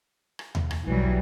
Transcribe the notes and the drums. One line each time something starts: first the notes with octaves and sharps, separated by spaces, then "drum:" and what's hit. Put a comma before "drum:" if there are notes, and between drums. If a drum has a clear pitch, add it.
drum: rim click
drum: tom D#2
drum: rim click
B1 E3 F#3 G3